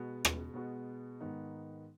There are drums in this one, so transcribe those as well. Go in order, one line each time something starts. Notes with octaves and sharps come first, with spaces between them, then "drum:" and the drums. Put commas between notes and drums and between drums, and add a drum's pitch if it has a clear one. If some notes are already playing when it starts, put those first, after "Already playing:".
Already playing: B2 G#3 B3 F#4
drum: rim click
B2 G#3 B3 F#4
G#2 D#3 B3 D#4